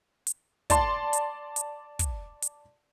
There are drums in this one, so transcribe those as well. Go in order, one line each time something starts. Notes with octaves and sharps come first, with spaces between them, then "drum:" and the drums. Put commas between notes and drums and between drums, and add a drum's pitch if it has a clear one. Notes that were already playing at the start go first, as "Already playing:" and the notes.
drum: hi-hat
D5 A5 C6, drum: kick, hi-hat
drum: hi-hat
drum: hi-hat
drum: kick, hi-hat
drum: hi-hat